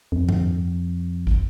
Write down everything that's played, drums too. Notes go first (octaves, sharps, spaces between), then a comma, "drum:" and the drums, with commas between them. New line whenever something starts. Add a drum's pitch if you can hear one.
F2
drum: tom G2
drum: kick